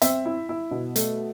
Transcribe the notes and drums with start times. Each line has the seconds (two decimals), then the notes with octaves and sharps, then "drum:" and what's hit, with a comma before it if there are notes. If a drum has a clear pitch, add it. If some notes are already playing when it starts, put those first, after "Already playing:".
0.02 C4 E5, drum: hi-hat
0.26 E4
0.49 E4
0.71 B2
0.96 A3, drum: hi-hat